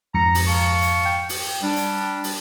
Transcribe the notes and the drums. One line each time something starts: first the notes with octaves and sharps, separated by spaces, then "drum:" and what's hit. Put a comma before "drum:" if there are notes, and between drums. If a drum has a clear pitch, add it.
F2 G#2 A#5 C#7
drum: open hi-hat
F5 A5 C#6
drum: hi-hat
G5
drum: open hi-hat
G3 D4
drum: hi-hat
drum: open hi-hat